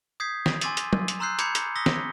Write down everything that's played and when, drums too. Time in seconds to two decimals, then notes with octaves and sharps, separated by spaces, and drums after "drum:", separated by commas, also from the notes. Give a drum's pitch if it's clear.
0.20 D#6 G6 G#6 B6 C7
0.46 drum: snare
0.61 G#5 C6 D6 E6 A6 D#7, drum: hi-hat
0.77 drum: hi-hat
0.93 drum: tom F#3
1.08 drum: hi-hat
1.20 A#5 C6 E6 F#6 G6 C7
1.39 A#5 B5 D6 G6 G#6 C#7, drum: hi-hat
1.55 drum: hi-hat
1.76 D#6 E6 A#6 B6 G7
1.86 drum: snare